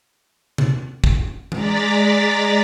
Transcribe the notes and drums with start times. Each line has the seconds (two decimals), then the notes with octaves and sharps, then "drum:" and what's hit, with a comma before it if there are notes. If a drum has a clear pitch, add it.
0.58 drum: tom C3
1.04 drum: kick
1.52 G#3 D5 A#5 A6 B6, drum: tom